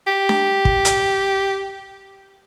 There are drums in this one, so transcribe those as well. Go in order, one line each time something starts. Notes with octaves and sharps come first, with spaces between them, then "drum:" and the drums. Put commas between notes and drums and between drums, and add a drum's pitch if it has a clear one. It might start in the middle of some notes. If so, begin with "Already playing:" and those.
G4
drum: snare D4
drum: kick
drum: hi-hat